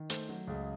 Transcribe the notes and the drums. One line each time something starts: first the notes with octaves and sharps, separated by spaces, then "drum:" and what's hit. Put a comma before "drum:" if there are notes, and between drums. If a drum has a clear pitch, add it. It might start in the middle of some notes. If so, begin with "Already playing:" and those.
Already playing: D#3
A3 C5, drum: hi-hat
F#3
C#2 G#4